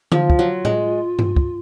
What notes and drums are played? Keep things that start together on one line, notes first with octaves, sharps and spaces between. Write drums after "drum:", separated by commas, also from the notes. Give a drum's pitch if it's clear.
F3 F4, drum: tom D3
drum: kick
F#3
G#3, drum: tom A2
drum: tom G2
drum: kick